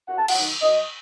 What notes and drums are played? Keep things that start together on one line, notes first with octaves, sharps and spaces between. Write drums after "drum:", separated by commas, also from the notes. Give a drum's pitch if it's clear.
F#2 F#5
A5
F#5, drum: cymbal
D#3 F#3
F#2 D#5